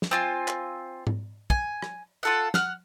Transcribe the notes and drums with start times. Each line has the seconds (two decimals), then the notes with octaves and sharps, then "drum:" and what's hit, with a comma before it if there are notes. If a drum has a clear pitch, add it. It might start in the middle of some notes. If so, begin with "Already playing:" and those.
0.02 drum: snare
0.11 C4 F4 G#5
0.48 drum: clap
1.07 drum: tom G#2
1.50 G#5, drum: kick
1.82 drum: rim click
2.23 F4 A4 F#5
2.54 F#5 F6, drum: snare